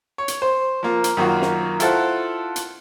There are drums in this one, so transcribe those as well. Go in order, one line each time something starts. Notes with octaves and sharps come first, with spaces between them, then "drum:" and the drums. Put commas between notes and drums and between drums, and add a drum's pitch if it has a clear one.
C#5
drum: hi-hat
C5
F3 A#3
drum: hi-hat
F#2 D#3 A#3 F4 F#4
drum: snare
E4 F4 A4 C5 F#5, drum: hi-hat
drum: hi-hat